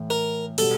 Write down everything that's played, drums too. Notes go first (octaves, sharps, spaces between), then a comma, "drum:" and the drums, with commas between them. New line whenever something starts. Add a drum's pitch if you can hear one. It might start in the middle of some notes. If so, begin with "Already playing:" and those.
Already playing: A2 E3 A3
A#4
B2 G3 B3 A4, drum: open hi-hat